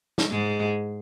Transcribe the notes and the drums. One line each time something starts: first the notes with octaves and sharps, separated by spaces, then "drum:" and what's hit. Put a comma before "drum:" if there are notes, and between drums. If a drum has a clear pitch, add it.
drum: snare
G#2 G#3